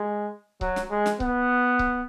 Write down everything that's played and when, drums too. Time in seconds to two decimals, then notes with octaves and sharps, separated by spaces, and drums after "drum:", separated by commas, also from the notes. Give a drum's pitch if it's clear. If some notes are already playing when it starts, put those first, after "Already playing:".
Already playing: G#3
0.61 F#3, drum: kick C#1
0.76 drum: snare
0.91 G#3
1.06 drum: snare
1.20 B3, drum: kick C#1
1.79 drum: kick C#1